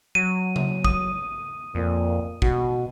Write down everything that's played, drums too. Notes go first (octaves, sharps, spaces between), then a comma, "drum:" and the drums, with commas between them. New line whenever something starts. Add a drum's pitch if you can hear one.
F#3 D#7
drum: tom C#3
D#6, drum: kick
F2 A#2
B2 F#4, drum: kick